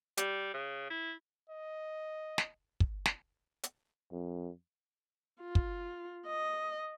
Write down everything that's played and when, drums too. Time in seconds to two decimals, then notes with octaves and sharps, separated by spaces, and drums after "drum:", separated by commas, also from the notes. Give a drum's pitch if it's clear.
0.17 G3, drum: hi-hat
0.54 C#3
0.90 E4
1.50 D#5
2.38 drum: snare
2.80 drum: kick
3.06 drum: snare
3.63 drum: hi-hat
4.12 F2
5.41 F4
5.55 drum: kick
6.26 D#5